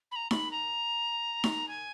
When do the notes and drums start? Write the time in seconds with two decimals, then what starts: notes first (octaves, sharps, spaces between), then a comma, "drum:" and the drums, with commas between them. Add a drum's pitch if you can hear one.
0.12 B5
0.16 A#5
0.31 B5, drum: snare D#4
0.51 A#5
1.44 drum: snare D#4
1.68 G#5